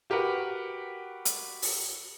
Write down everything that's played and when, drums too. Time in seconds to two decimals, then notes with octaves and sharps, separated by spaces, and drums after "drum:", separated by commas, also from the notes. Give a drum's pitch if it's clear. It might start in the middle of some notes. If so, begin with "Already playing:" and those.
0.10 F#4 G4 A#4 B4 F#5
1.25 drum: hi-hat
1.62 drum: open hi-hat